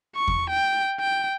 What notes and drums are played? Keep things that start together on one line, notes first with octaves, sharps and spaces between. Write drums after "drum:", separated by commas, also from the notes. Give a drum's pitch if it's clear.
C#6
drum: kick E2
G5
G5